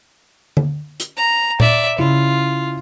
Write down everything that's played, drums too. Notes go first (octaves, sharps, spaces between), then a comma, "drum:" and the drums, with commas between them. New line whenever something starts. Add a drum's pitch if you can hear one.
drum: tom D3
drum: hi-hat
A#5
D5 E5, drum: tom A#2
C#3 E4 F4